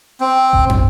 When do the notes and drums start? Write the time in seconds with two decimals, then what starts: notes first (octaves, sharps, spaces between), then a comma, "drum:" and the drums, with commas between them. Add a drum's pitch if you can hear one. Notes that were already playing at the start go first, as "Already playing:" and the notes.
0.21 C4
0.53 drum: kick F#1
0.69 drum: tom